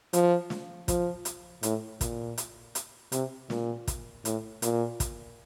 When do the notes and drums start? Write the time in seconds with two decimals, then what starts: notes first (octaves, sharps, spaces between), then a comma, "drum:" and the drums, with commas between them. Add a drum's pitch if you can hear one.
0.13 F3, drum: hi-hat
0.50 drum: snare
0.88 F3, drum: kick, hi-hat
1.25 drum: hi-hat
1.63 A2, drum: hi-hat
2.01 A#2, drum: kick, hi-hat
2.38 drum: hi-hat
2.75 drum: hi-hat
3.12 C3, drum: hi-hat
3.50 A#2, drum: snare
3.87 drum: kick, hi-hat
4.25 A2, drum: hi-hat
4.62 A#2, drum: hi-hat
5.00 drum: kick, hi-hat